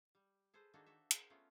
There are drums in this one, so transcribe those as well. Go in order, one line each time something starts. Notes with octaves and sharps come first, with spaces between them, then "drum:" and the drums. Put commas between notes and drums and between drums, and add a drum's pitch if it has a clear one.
G3
G#4 A4 B4 C5
D#3 A#3 D4 F#4 G#4 A4
F#4 A4 E5
G#4 A#4 C5 F5 F#5, drum: hi-hat
A3 B3 C#4 F4